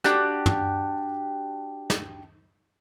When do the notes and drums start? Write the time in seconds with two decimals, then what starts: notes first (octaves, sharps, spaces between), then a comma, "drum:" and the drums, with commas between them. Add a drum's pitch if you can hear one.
0.04 D4 F#4 G4, drum: rim click
0.46 drum: tom
1.90 drum: snare